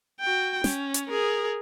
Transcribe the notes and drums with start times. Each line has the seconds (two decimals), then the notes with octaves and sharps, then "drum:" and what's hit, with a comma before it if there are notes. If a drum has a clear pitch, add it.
0.20 F#4 G5
0.64 C#4, drum: snare
0.94 drum: hi-hat
1.09 G#4 A#4